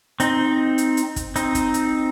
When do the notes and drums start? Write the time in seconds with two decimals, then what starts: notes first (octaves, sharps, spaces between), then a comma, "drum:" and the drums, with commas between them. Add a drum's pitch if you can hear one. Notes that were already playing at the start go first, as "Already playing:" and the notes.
0.20 C4 D#4, drum: hi-hat
0.78 drum: hi-hat
0.97 drum: hi-hat
1.16 drum: kick, hi-hat
1.36 C4 D#4, drum: hi-hat
1.55 drum: kick, hi-hat
1.74 drum: hi-hat